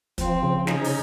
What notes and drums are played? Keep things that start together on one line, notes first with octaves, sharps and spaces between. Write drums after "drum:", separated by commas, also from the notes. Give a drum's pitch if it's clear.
F3 C4, drum: kick, hi-hat
C#3
C#4 D#4, drum: snare
drum: open hi-hat